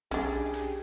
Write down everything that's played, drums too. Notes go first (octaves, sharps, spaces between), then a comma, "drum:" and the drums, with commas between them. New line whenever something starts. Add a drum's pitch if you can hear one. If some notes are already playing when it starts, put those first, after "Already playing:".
B1 C#4 D4 G4 G#4, drum: hi-hat
drum: hi-hat